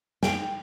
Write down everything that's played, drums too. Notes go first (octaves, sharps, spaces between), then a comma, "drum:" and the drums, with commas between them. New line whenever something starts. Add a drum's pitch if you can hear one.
G5, drum: snare